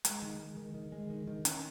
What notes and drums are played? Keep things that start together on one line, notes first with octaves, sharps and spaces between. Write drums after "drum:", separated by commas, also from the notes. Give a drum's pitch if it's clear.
G#3, drum: hi-hat
D#3
G#3
D#3
D#3
G#3
D#3
D#3
C#4, drum: hi-hat